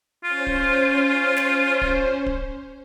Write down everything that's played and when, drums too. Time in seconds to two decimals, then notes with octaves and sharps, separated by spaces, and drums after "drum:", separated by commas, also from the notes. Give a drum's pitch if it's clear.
0.24 C#4 F4 C5
0.47 drum: kick D1
1.37 drum: snare
1.81 drum: kick D1
2.26 drum: kick D1